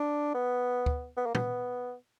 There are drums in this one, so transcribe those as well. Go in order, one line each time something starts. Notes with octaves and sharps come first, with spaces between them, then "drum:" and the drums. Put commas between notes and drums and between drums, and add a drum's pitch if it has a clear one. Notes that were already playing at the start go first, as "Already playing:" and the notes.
Already playing: D4
B3
drum: kick
B3
A#3
B3, drum: tom